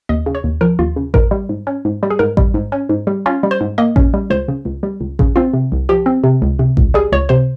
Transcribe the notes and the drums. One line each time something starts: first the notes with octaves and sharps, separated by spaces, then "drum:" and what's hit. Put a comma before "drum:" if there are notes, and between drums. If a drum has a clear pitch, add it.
D#2 D#5
C#3
C#5
D#2
F3 A#4
D#2 F4
C#3
G#2 A#4, drum: kick A1
G3
G#2
C#4
G#2
G3
G#4
G#2 A#4
G3, drum: kick A1
G#2
C#4
G#2
G3
C#4 F4
G3
C5
G#2
A#3 D#5
C#4, drum: kick A1
G3
C#2 C5
C#3
C#2
G3
C#2
C#3, drum: kick A1
C4 F4
C3
C2
F3 G4
C4
C3
C#2
C3
C#2, drum: kick A1
G3 G#4
C#2 C#5
C3 C5